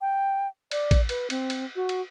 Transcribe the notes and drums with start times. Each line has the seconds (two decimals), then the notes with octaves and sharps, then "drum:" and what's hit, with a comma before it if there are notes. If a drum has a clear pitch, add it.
0.01 G5
0.71 D5, drum: cymbal
0.91 drum: kick A1, cymbal
1.09 B4, drum: cymbal
1.30 C4, drum: cymbal
1.50 drum: cymbal
1.76 F#4
1.89 drum: cymbal